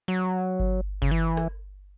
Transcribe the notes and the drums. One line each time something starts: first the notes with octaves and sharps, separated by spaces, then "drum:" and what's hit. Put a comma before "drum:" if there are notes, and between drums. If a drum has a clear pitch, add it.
F#3
drum: kick G1
C#3, drum: kick G1
E3
drum: rim click